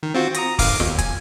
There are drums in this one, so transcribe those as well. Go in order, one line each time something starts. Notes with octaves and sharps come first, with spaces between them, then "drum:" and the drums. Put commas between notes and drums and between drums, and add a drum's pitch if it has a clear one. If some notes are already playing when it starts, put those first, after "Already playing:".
D#3
C4 F4 F#4
A#5 D#6 A#6, drum: hi-hat
G#1 F5 D6, drum: kick, open hi-hat
D#2, drum: snare
G#5, drum: kick, hi-hat